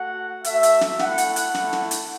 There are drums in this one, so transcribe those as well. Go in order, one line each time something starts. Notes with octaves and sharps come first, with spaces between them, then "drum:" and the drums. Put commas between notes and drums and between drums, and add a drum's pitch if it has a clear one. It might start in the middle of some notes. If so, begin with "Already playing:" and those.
Already playing: A3 F#4 F#5
A3 F#4 E5, drum: hi-hat
drum: hi-hat
drum: snare
A3 E4 F#5, drum: snare
drum: hi-hat
drum: hi-hat
A3 E4, drum: snare
drum: snare
drum: hi-hat